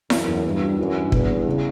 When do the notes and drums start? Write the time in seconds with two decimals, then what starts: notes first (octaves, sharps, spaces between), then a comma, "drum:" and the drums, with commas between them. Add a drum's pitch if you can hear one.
0.10 F#2 E3, drum: snare E4
0.27 E2
0.44 G2 B3
0.61 F#4
0.78 F#2 E3
0.95 G2
1.12 E2 B3, drum: kick
1.29 B3
1.46 C#3